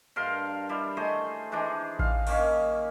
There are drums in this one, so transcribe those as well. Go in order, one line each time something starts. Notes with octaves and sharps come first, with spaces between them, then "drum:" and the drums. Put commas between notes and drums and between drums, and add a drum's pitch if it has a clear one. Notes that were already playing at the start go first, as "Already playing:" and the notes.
G2 A#4 F5 C6
G3 E4
A3 G#4 C5 D#5
E3 G#3 D4 D#4
F5, drum: kick A1
D#3 A#3 C#4, drum: cymbal